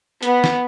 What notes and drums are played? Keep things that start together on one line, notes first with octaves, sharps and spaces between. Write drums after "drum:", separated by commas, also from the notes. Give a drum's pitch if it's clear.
B3, drum: hi-hat
drum: snare